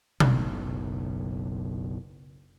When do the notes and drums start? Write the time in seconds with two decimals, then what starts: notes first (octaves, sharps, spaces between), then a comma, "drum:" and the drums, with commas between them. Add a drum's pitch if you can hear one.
0.20 F#1 B1 A2, drum: tom B2